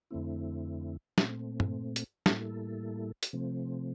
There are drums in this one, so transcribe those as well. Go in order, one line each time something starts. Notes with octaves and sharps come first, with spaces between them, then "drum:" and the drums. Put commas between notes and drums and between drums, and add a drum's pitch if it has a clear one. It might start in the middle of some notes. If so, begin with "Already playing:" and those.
F2 D3 A3 C4 E4
A#2 A3 C4, drum: snare
drum: tom G2
drum: hi-hat
A2 G3 A#3 E4 A4, drum: snare
drum: hi-hat
C3 F3 A3 C4